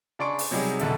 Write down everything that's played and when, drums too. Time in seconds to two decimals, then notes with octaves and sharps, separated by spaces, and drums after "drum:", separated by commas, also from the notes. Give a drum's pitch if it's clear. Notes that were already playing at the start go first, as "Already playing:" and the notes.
0.19 C#3 D4 D5 C6 C#6 D7
0.39 drum: open hi-hat
0.51 C3 F#3 G3 D#4 G#4
0.79 F1 B1 D3 A4 E5, drum: hi-hat